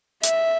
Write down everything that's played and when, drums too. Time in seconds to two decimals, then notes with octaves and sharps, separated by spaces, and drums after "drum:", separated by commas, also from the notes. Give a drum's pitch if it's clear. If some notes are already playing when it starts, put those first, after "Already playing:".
0.23 E5, drum: hi-hat